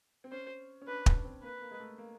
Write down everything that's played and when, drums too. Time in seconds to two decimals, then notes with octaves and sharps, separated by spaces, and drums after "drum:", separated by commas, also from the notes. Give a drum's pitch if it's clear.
0.24 C4
0.32 C#4 C5
0.82 C#4
0.87 D4 B4
1.06 D4, drum: kick
1.25 C4
1.42 A#3 B4
1.61 A#3
1.71 G#3
1.80 A3
1.98 A#3